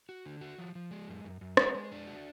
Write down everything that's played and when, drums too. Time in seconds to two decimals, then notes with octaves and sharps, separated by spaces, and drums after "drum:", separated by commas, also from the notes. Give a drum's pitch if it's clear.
0.09 F#4
0.26 D3
0.41 F#4
0.58 F3
0.75 F3
0.91 G#3
1.08 F#2
1.24 F#2
1.41 F#2
1.57 G#3, drum: rim click
1.75 G#3
1.92 D4
2.07 F#4